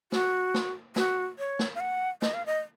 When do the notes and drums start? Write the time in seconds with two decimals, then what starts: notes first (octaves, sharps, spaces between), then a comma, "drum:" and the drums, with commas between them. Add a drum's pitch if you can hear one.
0.12 F#4, drum: snare
0.54 drum: snare
0.96 F#4, drum: snare
1.39 C#5
1.59 drum: snare
1.75 F5
1.80 F#5
2.22 D#5, drum: snare
2.34 F5
2.46 D#5